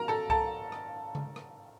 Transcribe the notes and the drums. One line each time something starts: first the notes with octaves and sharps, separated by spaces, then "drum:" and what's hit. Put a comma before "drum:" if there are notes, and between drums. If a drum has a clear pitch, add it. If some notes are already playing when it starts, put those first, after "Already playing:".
Already playing: A#4 A#5
A4 A5
A4 A5, drum: kick C2
drum: rim click
drum: tom C#3
drum: rim click